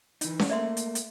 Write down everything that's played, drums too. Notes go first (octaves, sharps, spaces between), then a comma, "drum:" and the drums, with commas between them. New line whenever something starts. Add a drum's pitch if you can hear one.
E3 D#4, drum: hi-hat
drum: snare C#4
A3 A#3 D5 E5 C6
drum: hi-hat
drum: hi-hat